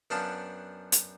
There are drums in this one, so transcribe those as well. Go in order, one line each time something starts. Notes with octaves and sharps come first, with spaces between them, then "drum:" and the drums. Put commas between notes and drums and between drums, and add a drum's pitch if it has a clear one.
F#2 B3 D4 F5 G5 A5
drum: hi-hat